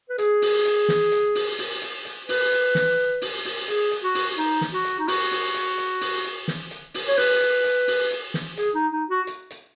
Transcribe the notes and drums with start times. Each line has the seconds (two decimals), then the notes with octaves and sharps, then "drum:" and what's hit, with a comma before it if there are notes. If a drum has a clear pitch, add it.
0.09 B4
0.18 G#4, drum: hi-hat
0.42 drum: open hi-hat
0.65 drum: hi-hat
0.88 drum: snare
1.12 drum: hi-hat
1.35 drum: open hi-hat
1.58 drum: open hi-hat
1.82 drum: hi-hat
2.05 drum: hi-hat
2.29 B4, drum: open hi-hat
2.52 drum: hi-hat
2.75 drum: snare
3.21 drum: open hi-hat
3.45 drum: open hi-hat
3.68 G#4, drum: hi-hat
3.91 drum: hi-hat
4.03 F#4
4.15 drum: open hi-hat
4.38 D#4, drum: hi-hat
4.61 drum: snare
4.73 F#4
4.85 drum: hi-hat
4.99 D#4
5.08 F#4, drum: open hi-hat
5.31 drum: open hi-hat
5.54 drum: hi-hat
5.78 drum: hi-hat
6.01 drum: open hi-hat
6.24 drum: hi-hat
6.48 drum: snare
6.71 drum: hi-hat
6.94 drum: open hi-hat
7.08 C#5
7.17 B4, drum: open hi-hat
7.41 drum: hi-hat
7.64 drum: hi-hat
7.87 drum: open hi-hat
8.11 drum: hi-hat
8.34 drum: snare
8.57 G#4, drum: hi-hat
8.75 D#4
8.92 D#4
9.10 F#4
9.27 drum: hi-hat
9.51 drum: hi-hat